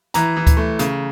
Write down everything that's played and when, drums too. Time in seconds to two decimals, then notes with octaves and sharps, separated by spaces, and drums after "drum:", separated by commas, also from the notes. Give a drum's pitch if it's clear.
0.14 E3 A#5, drum: hi-hat
0.37 E3
0.47 drum: kick D2, hi-hat
0.57 A3
0.79 C#3, drum: hi-hat